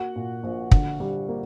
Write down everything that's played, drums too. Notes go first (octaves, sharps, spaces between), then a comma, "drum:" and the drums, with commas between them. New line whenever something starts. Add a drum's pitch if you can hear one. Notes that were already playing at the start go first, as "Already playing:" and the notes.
Already playing: A#3 F#4 F#5
A#2
A#1
D3, drum: kick
G3
A#3